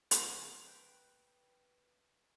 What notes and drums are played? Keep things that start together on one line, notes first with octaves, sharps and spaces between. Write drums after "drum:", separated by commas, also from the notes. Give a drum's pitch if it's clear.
D2 F#3 B3 D4, drum: hi-hat
B4 G5